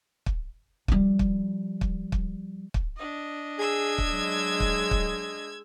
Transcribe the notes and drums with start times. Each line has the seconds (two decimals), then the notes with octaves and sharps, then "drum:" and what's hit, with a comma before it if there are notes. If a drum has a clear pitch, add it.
0.26 drum: kick
0.88 F3 G3, drum: kick
1.19 drum: kick
1.81 drum: kick
2.12 drum: kick
2.74 drum: kick
2.97 D4 D#5
3.59 G#4 E6 G#6
3.98 drum: kick
4.11 F#3 G#3
4.60 drum: kick
4.91 drum: kick